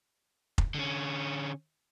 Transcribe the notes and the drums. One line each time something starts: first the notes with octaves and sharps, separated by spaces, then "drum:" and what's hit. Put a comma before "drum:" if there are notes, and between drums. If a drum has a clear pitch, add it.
drum: kick F1
D3 C#4